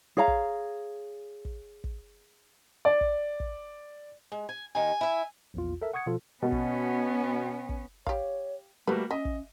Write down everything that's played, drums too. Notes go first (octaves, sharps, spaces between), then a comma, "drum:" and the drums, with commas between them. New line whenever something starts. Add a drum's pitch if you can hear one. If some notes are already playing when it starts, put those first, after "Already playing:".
G#4 C#5 F5 A#5
drum: kick
drum: kick
drum: kick
D5
drum: kick
drum: kick
G#3
G#5
D#2 D#3 G#5
E4 E5
A#1 E2 F4
A4 A#4 E5
F#5 C#6 D#6 G#6 C#7
B2 F3 F4 A4
B2 B3 C#4
drum: kick
drum: kick
G4 C#5 F5, drum: kick
G3 A3 A#3 F#4 A4 B4
C#4 D#5 E5 G#5
drum: kick